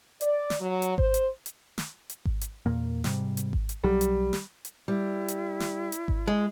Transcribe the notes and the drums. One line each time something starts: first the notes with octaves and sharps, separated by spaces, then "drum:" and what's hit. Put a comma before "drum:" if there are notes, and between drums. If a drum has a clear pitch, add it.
D5, drum: hi-hat
drum: snare
F#3
drum: hi-hat
C5, drum: kick G#1
drum: hi-hat
drum: hi-hat
drum: snare
drum: hi-hat
drum: kick G#1
drum: hi-hat
E2 A#2 A#3
G#2 C3 G3, drum: snare
drum: hi-hat
drum: kick G#1
drum: hi-hat
B1 F#3 G3
drum: hi-hat
drum: snare
drum: hi-hat
G3 E4
drum: hi-hat
drum: snare
drum: hi-hat
drum: kick G#1
G#3